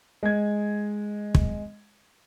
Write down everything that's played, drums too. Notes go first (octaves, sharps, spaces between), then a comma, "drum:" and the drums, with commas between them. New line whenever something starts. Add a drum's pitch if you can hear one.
G#3 G#6
drum: kick